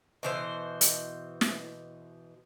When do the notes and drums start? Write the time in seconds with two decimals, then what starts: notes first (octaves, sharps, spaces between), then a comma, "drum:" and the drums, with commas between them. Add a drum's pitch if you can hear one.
0.23 B2 E3 C5
0.81 drum: hi-hat
1.41 drum: snare